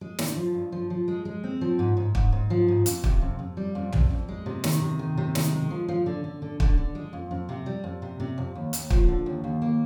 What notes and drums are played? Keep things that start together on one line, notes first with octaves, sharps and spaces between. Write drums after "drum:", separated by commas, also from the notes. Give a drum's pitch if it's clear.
G#3
D3, drum: snare
F3
G2
F3
F3
G#3
G#3
C4
F3
G#2
G#2
G#2, drum: kick
G#2
F3
G#2
F2, drum: hi-hat
C3, drum: kick
F2
F2
G3
F2
F2, drum: tom
F2
G#3
C3
D#3, drum: snare
C3
D#3
C3
D#3, drum: snare
G#3
F3
F3
D3
D3
D3
D3, drum: kick
D3
G#3
F2
F2
C3
G3
F2
C3
C3
F2
D#2
D#2, drum: hi-hat
F3, drum: kick
D3
D#2
D#2
A#3